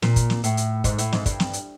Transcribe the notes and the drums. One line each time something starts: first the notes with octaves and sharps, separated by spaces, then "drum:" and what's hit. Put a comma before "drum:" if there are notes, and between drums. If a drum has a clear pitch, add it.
A#2, drum: snare
drum: kick, hi-hat
drum: snare
A2, drum: hi-hat
drum: hi-hat
G#2, drum: kick, hi-hat
A2, drum: hi-hat
G#2, drum: snare
G2, drum: kick, hi-hat
drum: snare
drum: hi-hat